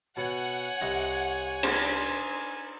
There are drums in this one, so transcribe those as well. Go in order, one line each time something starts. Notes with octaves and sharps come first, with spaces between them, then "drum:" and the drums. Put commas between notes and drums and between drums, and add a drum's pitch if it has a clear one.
B2 C#5 F#5 G#5
C2 D#5 E5
drum: cymbal